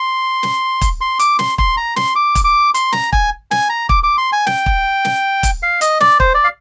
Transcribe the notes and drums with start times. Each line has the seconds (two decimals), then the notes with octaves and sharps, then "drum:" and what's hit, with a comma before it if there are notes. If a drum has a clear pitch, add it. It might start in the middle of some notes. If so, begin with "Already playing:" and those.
Already playing: C6
0.43 drum: snare
0.81 drum: kick, hi-hat
1.01 C6
1.19 D6, drum: hi-hat
1.39 C6, drum: snare
1.58 C6, drum: kick
1.77 A#5
1.96 C6, drum: snare
2.16 D6
2.35 drum: kick, hi-hat
2.44 D6
2.74 C6, drum: hi-hat
2.92 A#5, drum: snare
3.13 G#5, drum: kick
3.51 G#5, drum: snare
3.69 A#5
3.89 D6, drum: kick
4.03 D6
4.18 C6
4.33 G#5
4.47 G5, drum: snare
4.66 drum: kick
5.05 drum: snare
5.43 drum: kick, hi-hat
5.63 F5
5.81 D#5, drum: hi-hat
6.00 D5, drum: snare
6.20 C5, drum: kick
6.34 D5
6.44 F5